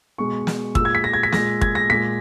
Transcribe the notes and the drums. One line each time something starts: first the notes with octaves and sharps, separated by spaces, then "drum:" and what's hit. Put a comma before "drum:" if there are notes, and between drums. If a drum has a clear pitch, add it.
B2 G#3 C#6
drum: snare
A#2 G#3 E6, drum: kick
G#6
B6
A#6
G#6
B6
A#2 G#3 A#6, drum: snare
G#6, drum: kick
A#6
A#2 G#3 B6